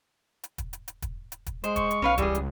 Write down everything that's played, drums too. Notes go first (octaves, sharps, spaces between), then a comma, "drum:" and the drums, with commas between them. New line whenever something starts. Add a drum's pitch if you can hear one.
drum: hi-hat
drum: kick, hi-hat
drum: hi-hat
drum: hi-hat
drum: kick, hi-hat
drum: hi-hat
drum: kick, hi-hat
G#3 C5, drum: hi-hat
C#6, drum: kick, hi-hat
drum: hi-hat
B1 C#4 B4 F5
C#2 E3 G3 G#4, drum: kick, hi-hat
drum: hi-hat